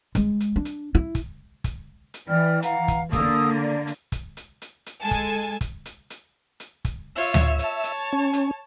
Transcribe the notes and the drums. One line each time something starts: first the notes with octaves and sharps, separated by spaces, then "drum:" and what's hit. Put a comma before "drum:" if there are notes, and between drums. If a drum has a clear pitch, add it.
G#3, drum: kick, hi-hat
drum: hi-hat
D4
drum: hi-hat
E4
drum: kick, hi-hat
drum: kick, hi-hat
drum: hi-hat
E3 D5 G5 F6
F5 F#5 A#5, drum: hi-hat
drum: kick, hi-hat
D3 A#3 D#6 E6, drum: kick, hi-hat
D5
drum: hi-hat
drum: kick, hi-hat
drum: hi-hat
drum: hi-hat
drum: hi-hat
G#3 A4 G#5 A5
drum: kick, hi-hat
drum: kick, hi-hat
drum: hi-hat
drum: hi-hat
drum: hi-hat
drum: kick, hi-hat
F4 C#5 E5
drum: tom D2
C#5 A5, drum: hi-hat
drum: hi-hat
C#4
drum: hi-hat